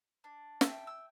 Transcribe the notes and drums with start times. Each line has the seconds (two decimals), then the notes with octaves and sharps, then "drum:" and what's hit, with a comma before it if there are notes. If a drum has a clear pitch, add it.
0.24 D4
0.61 E5 G5, drum: snare
0.87 E6